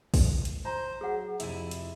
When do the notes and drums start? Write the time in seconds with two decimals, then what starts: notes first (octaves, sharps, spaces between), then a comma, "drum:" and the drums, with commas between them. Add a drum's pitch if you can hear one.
0.14 drum: kick, open hi-hat
0.45 drum: hi-hat
0.65 C5 A#5
1.01 F#3 G#4 F#5
1.40 F2 C3 E4 D#7, drum: hi-hat
1.71 drum: hi-hat